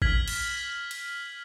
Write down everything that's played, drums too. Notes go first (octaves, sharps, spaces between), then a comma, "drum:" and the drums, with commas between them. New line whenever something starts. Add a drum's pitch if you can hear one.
F6 G#6 B6 F#7, drum: kick
drum: cymbal
drum: cymbal